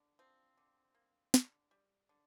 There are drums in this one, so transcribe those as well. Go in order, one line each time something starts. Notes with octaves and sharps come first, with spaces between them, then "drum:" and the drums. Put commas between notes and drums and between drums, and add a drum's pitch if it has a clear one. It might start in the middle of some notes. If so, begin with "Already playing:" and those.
Already playing: D3
F3 C4
D3
A#3
D3, drum: snare
G3
D3